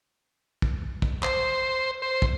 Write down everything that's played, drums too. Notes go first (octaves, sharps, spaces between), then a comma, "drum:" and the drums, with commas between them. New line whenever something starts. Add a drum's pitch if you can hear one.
drum: kick
drum: kick
C5, drum: clap
C5
drum: kick